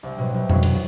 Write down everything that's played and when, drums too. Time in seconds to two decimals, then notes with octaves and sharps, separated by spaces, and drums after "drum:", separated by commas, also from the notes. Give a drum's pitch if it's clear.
0.03 C2
0.18 B2 F#3
0.34 C2
0.49 B2 F#3, drum: tom F2
0.63 drum: cymbal